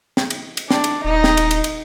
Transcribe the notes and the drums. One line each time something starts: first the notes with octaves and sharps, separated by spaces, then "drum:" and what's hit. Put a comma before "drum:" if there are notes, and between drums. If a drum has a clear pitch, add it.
drum: snare
drum: cymbal
drum: cymbal
D4, drum: snare
drum: cymbal
D#1 D#4
drum: snare
drum: cymbal
drum: cymbal
drum: cymbal